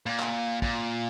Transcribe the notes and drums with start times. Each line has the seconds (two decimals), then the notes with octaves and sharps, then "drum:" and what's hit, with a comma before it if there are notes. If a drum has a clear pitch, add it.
0.06 A#2
0.20 drum: clap
0.62 A#2, drum: kick